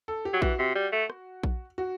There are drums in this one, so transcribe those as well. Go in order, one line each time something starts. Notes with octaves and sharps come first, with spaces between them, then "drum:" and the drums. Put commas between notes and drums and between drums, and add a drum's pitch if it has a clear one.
A4
G4
F#3
E3 F#4, drum: kick A#1
C3
G3
A3
drum: rim click
drum: kick A#1
F#4